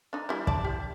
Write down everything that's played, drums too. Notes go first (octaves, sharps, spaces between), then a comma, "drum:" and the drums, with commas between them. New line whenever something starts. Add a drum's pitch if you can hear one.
D4 D#4
G3 E4
D5 A5, drum: kick
G4